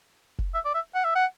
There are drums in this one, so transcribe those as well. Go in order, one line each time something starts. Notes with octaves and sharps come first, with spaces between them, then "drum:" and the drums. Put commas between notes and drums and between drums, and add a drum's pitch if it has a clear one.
drum: kick F1
E5
D5
E5
F#5
E5
F#5